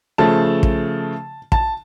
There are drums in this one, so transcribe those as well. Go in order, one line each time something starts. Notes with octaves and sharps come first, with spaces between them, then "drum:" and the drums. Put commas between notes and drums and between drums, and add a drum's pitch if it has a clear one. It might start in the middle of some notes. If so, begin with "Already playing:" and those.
C#3 F3 A3 A5
drum: kick
A5, drum: kick